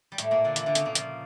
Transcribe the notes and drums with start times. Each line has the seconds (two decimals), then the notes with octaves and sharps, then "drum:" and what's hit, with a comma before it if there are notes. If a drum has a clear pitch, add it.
0.12 G3
0.18 A2 A3, drum: hi-hat
0.31 A#2 A#3
0.44 D3 D4
0.56 E3 E4, drum: hi-hat
0.66 D3 D4
0.75 C#3 C#4, drum: hi-hat
0.85 A#2 A#3
0.95 F3, drum: hi-hat